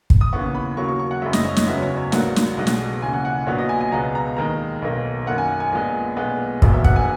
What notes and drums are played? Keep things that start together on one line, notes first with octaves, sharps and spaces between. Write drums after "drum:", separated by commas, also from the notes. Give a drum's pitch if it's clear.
drum: kick
D#6
D#2 C#3 E3 B3 C#6
B5
D#2 C#3 F#3 A#3 C#6
C#6
C#6
F#5
F#1 F#2 C#3 G#3 E5
D#5, drum: snare
C#5
D#5, drum: snare
E2 C#3 F#3 B3 E5
C#5
C#5
A#1 G#2 F#3 A#3 F#5, drum: snare
drum: snare
B1 B2 G#3 B3
drum: snare
D#2 C#3 E3 G#5
F#5
F#5
A#1 A#2 F#3 B3 C#5
D#5
G#5
G#5
C#2 B2 G#3 B3 A#5
A#5
D#2 D#3 G#3 A#5
B1 B2 A#3
F#2 D#3 A#3 F#5
G#5
G#5
A#1 A#2 G#3 B3
B1 A#2 G#3 B3
E1 D#2 D#3 F#3, drum: kick
E5
F#5, drum: kick
G#5